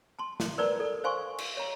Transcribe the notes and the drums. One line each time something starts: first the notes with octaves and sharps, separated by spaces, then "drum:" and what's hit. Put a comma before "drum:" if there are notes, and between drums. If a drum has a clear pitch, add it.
A5 C6
drum: snare
A#4 B4 D5 A5 A#5
A4 D5
C5 F5 G#5 C6 C#6
drum: cymbal
C#5 A#5